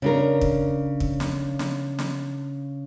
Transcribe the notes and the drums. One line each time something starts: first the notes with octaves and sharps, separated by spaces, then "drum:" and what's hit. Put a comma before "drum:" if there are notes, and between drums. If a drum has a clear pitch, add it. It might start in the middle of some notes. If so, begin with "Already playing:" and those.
C#3 D4 A#4
drum: kick
drum: kick
drum: snare
drum: snare
drum: snare